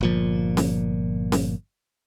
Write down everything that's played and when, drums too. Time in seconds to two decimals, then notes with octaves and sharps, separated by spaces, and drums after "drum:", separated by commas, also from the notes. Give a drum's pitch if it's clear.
0.01 G1 A#2 F3
0.57 drum: snare C#4
1.32 drum: snare C#4